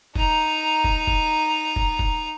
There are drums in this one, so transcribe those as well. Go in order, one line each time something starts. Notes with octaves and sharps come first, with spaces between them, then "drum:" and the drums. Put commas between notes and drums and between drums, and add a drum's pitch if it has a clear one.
D#4 A#5, drum: kick
drum: kick
drum: kick
drum: kick
drum: kick